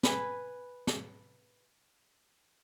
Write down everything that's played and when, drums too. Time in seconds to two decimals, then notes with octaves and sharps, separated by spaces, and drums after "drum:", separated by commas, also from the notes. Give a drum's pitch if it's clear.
0.03 B4 G#5, drum: snare
0.87 drum: snare